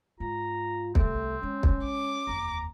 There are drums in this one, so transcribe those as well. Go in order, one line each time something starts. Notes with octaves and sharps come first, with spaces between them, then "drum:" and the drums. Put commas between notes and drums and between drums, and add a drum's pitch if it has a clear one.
G#2 F4 A#5
C2 A3 C4, drum: kick
G#3 C#4
drum: kick
D6
F1 D#2 A#5